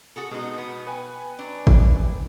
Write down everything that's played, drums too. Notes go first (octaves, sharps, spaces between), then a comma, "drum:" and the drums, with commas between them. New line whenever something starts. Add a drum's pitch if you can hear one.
F#4 G#4 A4
B2 G#3 D#4
B3
B4 G5 G#5
F#3 D4
drum: kick G#1